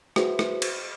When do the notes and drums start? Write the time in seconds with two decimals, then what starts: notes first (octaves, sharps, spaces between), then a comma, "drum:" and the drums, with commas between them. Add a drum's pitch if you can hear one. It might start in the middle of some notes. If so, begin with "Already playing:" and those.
0.16 F#4 G#4 B4 C5 E5, drum: rim click
0.39 drum: rim click
0.62 drum: cymbal